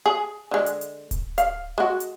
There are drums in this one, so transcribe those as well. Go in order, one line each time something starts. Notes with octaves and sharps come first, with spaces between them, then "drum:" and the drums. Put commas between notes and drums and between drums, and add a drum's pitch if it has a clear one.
G#4
D3 G#3
drum: hi-hat
drum: hi-hat
drum: kick D1, hi-hat
F5, drum: hi-hat
G#3 F#4
drum: hi-hat